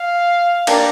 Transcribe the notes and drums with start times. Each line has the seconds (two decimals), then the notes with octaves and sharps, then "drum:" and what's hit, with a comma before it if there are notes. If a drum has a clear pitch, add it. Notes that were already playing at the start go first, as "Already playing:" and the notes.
Already playing: F5
0.67 G3 A#3 D4, drum: cymbal